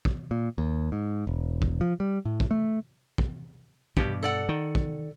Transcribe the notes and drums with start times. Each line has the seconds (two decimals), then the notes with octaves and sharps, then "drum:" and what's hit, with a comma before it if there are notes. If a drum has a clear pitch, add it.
0.05 drum: kick
0.31 A#2
0.58 D#2
0.92 G#2
1.27 E1
1.62 drum: kick
1.81 F3
2.00 G3
2.25 A2
2.40 drum: kick
2.51 A3
3.18 drum: kick
3.97 G2 B2 G4, drum: kick
4.23 A4 D5 F#5
4.49 D#3
4.75 drum: kick